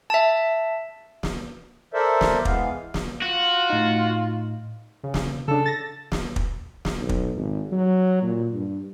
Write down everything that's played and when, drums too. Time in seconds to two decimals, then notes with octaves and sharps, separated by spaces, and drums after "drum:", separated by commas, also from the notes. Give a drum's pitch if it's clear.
0.10 E5 A5
1.23 drum: snare
1.94 A4 A#4 C5 D5 E5
2.21 drum: snare
2.45 E3 G#3 B3 F5, drum: kick
2.94 drum: snare
3.22 F4 F#4
3.70 A2 D#4
5.04 C#3
5.14 drum: snare
5.48 C#3 D4 A4
5.66 A6 A#6
6.12 drum: snare
6.36 drum: kick
6.85 drum: snare
7.00 B1
7.09 drum: kick
7.37 G#1
7.72 F#3
8.22 A#2
8.53 G2